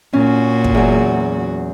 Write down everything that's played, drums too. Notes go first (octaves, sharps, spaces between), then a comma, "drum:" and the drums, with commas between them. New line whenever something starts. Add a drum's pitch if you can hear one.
A#2 C#4 F#4
drum: kick
E2 F#3